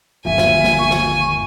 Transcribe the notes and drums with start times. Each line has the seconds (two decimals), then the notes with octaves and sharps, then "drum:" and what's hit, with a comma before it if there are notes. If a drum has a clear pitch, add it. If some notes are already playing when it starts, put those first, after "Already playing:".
0.25 G1 D#2 F3 E5 G#5
0.38 drum: snare
0.64 drum: snare
0.79 C#6
0.91 drum: snare